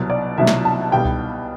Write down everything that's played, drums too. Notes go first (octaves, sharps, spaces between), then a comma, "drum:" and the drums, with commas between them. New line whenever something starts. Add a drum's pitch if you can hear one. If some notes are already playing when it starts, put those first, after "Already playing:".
Already playing: C2 B2 F#3
D5
C2 B2 F#3 E5
drum: snare
A5
B1 B2 G3 G5
drum: kick C2